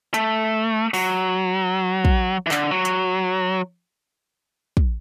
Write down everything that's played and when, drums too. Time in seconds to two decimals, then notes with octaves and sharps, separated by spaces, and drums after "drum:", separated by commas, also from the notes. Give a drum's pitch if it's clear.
0.14 A3, drum: hi-hat
0.94 F#3, drum: open hi-hat
2.05 drum: kick
2.46 E3
2.51 D3, drum: clap
2.71 F#3
2.85 drum: hi-hat
4.77 drum: kick